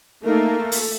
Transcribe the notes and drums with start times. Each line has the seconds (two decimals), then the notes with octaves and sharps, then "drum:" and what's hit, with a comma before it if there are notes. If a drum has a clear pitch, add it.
0.24 A3 A#3 D#4 A#4
0.60 A4
0.72 drum: open hi-hat